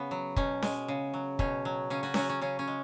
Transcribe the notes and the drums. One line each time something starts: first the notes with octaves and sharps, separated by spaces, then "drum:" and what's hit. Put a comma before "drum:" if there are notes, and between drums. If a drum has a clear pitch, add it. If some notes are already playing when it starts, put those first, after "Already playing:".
Already playing: C#3 B3 C#4
F#3
B2 C#4, drum: kick
G#3, drum: snare C#4
C#3
F#3
B2 C#4, drum: kick
F#3
C#3 C#4
C#4 F#4
F#3 C#4 F#4, drum: snare C#4
C#4
C#3 C#4
C#4
G#3